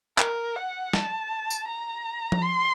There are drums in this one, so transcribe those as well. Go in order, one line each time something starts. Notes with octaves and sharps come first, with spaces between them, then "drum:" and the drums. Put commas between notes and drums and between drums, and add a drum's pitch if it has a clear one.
A#4, drum: clap
F#5
A5, drum: snare
drum: tambourine
A#5
drum: tom F3
C6